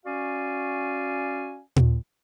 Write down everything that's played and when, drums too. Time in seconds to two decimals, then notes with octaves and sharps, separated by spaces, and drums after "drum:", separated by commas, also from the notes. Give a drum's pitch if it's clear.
0.06 C#4 F#4 D5 F5 G#5
1.76 drum: tom